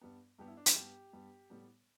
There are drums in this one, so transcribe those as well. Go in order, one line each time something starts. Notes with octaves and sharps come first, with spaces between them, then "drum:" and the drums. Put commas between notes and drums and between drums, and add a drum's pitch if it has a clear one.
G2 G3 B3
G2 G3 B3 G4
E4
D4
E4, drum: hi-hat
G2 G3 B3 G4
G2 G3 B3
A2 G3 B3